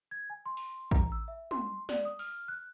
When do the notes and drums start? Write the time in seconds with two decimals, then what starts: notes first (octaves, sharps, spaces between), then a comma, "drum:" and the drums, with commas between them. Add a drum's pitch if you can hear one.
0.11 G#6
0.30 G#5
0.46 C6
0.57 drum: open hi-hat
0.91 A#5, drum: kick A1
1.12 E6
1.28 E5
1.51 C6, drum: tom
1.89 D5, drum: snare
2.05 D#6
2.19 F6, drum: open hi-hat
2.48 F#6